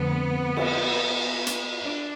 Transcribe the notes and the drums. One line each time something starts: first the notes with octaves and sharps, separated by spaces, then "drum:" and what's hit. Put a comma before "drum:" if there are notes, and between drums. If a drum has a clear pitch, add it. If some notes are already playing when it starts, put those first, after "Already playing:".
Already playing: F2 D3 A3 B3 C4
drum: cymbal
drum: hi-hat
D4